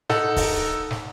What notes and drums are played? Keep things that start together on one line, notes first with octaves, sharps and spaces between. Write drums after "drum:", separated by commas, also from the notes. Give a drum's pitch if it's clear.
D#4 A4 F#5, drum: snare
drum: kick, open hi-hat
drum: snare